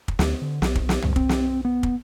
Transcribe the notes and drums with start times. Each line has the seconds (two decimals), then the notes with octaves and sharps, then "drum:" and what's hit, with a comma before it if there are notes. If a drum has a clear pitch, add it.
0.08 drum: kick
0.19 D2, drum: snare
0.42 D3
0.62 B1, drum: snare
0.75 drum: kick
0.89 drum: snare
1.02 G2, drum: tom C2
1.16 C4, drum: kick
1.29 drum: snare
1.65 B3
1.83 drum: kick